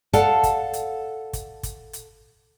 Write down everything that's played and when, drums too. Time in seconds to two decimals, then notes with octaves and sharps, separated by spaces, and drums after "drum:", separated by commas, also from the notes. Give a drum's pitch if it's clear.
0.13 A4 D5 F5 F#5 A5, drum: kick, hi-hat
0.43 drum: kick, hi-hat
0.73 drum: hi-hat
1.33 drum: kick, hi-hat
1.63 drum: kick, hi-hat
1.93 drum: hi-hat